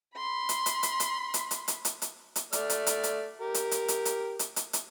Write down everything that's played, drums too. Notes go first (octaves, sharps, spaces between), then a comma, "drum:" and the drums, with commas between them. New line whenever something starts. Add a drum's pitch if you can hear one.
B5 C6
drum: hi-hat
drum: hi-hat
drum: hi-hat
drum: hi-hat
drum: hi-hat
drum: hi-hat
drum: hi-hat
drum: hi-hat
drum: hi-hat
drum: hi-hat
A3 D5 F6, drum: hi-hat
drum: hi-hat
drum: hi-hat
drum: hi-hat
G4 A#4
drum: hi-hat
drum: hi-hat
drum: hi-hat
drum: hi-hat
drum: hi-hat
drum: hi-hat
drum: hi-hat